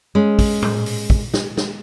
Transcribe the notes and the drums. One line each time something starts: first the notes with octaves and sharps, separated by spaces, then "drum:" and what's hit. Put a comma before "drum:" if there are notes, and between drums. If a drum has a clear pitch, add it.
G#3 C#4
drum: kick, open hi-hat
drum: tom A2
drum: open hi-hat
drum: kick
drum: snare
drum: snare